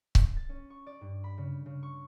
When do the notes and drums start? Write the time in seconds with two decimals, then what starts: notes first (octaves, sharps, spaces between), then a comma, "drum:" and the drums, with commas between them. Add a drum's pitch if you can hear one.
0.15 C7, drum: kick C#1
0.37 A6
0.49 C#4
0.70 C#6
0.86 D5
1.01 G2
1.24 B5
1.38 C#3
1.66 C#3
1.83 C#6